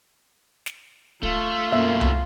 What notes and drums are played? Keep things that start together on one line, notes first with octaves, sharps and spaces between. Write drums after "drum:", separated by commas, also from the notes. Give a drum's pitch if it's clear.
drum: snare
A3 F4, drum: kick
F#2 B2 A3 A#3 E5
drum: tom C2